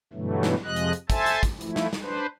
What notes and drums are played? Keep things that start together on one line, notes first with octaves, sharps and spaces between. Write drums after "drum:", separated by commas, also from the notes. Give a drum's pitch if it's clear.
G2 B2 D3 E3 F#3 A3
drum: snare
F2 C3 F3 G#3 D#5 F#6
drum: hi-hat
drum: hi-hat
A4 C5 E5 G#5 A5, drum: kick, hi-hat
drum: hi-hat
drum: kick, hi-hat
F3 A3 E4, drum: hi-hat
drum: snare
drum: snare
D4 B4 C5